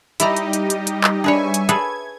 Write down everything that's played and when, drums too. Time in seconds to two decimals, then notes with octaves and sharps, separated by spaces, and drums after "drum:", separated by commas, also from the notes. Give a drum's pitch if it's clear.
0.20 G3 D#4 E4 G4 D5 D#5 A#5, drum: hi-hat
0.37 drum: hi-hat
0.53 drum: hi-hat
0.70 drum: hi-hat
0.87 drum: hi-hat
1.04 drum: clap
1.24 D4 G#4 B4 C#5 D5 E5 G#5 C#6
1.54 drum: hi-hat
1.69 G#4 A4 B4 G#6, drum: hi-hat